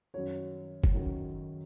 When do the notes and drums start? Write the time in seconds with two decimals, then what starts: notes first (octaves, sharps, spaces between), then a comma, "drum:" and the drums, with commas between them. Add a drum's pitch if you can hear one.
0.14 F#2 D#3 F#3 C#5
0.84 drum: kick F#1
0.94 F#2 D#3 F#3